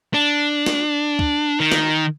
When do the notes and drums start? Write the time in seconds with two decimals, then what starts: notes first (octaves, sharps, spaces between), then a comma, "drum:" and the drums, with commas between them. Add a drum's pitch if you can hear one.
0.14 D4
0.66 drum: snare
1.19 drum: kick
1.60 D#3
1.72 drum: snare